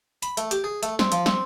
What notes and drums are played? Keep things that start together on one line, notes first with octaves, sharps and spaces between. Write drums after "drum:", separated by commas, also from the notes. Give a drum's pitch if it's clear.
B5, drum: hi-hat
A3, drum: hi-hat
G4, drum: hi-hat
G#4
A3, drum: hi-hat
C4, drum: snare
F3, drum: hi-hat
C4, drum: snare